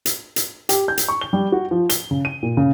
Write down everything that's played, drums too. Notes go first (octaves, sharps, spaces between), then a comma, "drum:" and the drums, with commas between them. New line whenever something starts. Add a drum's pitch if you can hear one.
drum: hi-hat
drum: hi-hat
G4, drum: hi-hat
G6
drum: hi-hat
C#6
G7
G3
F#4
F3
G7, drum: hi-hat
C#3
D#7
A#2
C#3